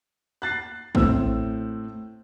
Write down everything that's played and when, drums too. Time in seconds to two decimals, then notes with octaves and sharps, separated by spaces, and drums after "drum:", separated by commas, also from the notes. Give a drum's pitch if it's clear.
0.42 F#6 A6 C7
0.95 A2 C4 E6, drum: kick